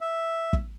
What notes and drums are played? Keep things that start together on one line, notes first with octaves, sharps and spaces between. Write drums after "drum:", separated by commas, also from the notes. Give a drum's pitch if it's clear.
E5
drum: kick